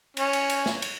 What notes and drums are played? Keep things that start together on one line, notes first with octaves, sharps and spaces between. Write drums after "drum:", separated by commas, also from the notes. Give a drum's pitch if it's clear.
C#4, drum: cymbal
drum: cymbal
drum: cymbal
drum: snare
drum: cymbal